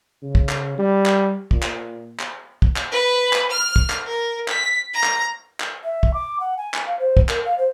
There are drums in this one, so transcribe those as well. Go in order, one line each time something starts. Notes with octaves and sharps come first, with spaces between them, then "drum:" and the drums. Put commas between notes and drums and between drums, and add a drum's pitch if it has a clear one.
C#3
drum: kick
drum: clap
G3
drum: clap
A#2, drum: kick
drum: clap
drum: clap
drum: kick
drum: clap
B4
drum: clap
F6
drum: kick
drum: clap
A#4
B6, drum: clap
A#5
drum: clap
drum: clap
E5
drum: kick
D6
F#5
G#5
drum: clap
F5
C5
drum: kick
A#4, drum: clap
F5
C5